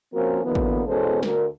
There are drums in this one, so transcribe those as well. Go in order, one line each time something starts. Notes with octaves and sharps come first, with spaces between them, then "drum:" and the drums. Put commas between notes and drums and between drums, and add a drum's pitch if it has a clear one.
F3 A#3 C4 C#4 F#4 A#4
D3 E3 F#3 A#3 B3
drum: kick
E2 B2 G#3 C#4 A4 C5
D2 A#4, drum: snare